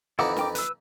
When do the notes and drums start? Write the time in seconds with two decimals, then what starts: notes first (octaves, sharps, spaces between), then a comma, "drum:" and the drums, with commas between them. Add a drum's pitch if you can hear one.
0.19 F2 E3 D#4 E4 F#5 D6
0.37 A#4 G5 D6, drum: snare
0.55 B4 E6, drum: hi-hat